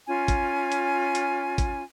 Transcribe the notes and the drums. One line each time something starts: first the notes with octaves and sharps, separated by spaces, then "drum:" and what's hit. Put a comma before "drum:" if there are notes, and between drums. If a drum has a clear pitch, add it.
C#4 F4 G#5
drum: kick G#1, hi-hat
drum: hi-hat
drum: hi-hat
drum: kick G#1, hi-hat